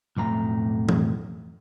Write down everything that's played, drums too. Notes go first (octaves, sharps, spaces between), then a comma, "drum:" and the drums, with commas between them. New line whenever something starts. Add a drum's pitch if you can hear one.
B1 F2 A2 A#5
drum: tom E3